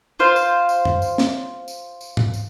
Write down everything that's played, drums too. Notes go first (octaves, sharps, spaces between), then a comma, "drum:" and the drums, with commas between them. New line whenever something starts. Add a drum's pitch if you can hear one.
F4 C5 F5
drum: tambourine
drum: tambourine
drum: tom F#2
drum: tambourine
drum: snare
drum: tambourine
drum: tambourine
drum: tom
drum: tambourine